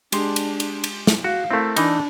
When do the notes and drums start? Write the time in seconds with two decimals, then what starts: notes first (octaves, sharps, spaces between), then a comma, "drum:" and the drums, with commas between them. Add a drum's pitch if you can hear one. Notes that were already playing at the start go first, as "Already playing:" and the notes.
0.12 G#3 D4 G4 C6, drum: cymbal
0.36 drum: cymbal
0.60 drum: cymbal
0.84 drum: cymbal
1.07 drum: snare
1.24 F#4 F5
1.51 A3 C4 E4 A#4
1.76 E3 D4 D#4, drum: cymbal